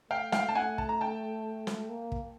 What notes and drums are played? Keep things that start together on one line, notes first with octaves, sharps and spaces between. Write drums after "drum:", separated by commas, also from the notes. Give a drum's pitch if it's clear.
A3 F5 G5
F5 G5, drum: snare
A5
F#5 G#5
A5, drum: kick
A#5
G5 A5
drum: snare
A#3
drum: kick